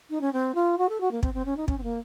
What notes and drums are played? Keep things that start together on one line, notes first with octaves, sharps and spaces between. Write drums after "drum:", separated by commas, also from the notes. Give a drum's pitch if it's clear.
D#4
C#4
C4
F4
F#4
A4
F#4
A#3
C4, drum: kick
C4
C#4
D#4
C#4, drum: kick
C4
A#3